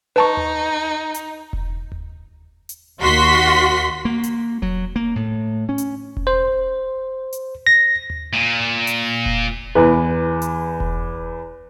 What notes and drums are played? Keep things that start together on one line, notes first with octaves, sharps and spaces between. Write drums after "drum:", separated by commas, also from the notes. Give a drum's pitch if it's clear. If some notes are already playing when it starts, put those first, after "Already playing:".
D#4 B4 A5 C#6
drum: tom D#2
drum: hi-hat
drum: kick E1
drum: tom D#2
drum: hi-hat
D#2 F#4 C6 B6
A#3
drum: hi-hat
F#3, drum: kick E1
A#3
A2
C#4
drum: hi-hat
drum: kick E1
C5
drum: hi-hat
A#6
drum: tom D#2
A#2
drum: hi-hat
drum: kick E1
E2 B4
drum: hi-hat
drum: kick E1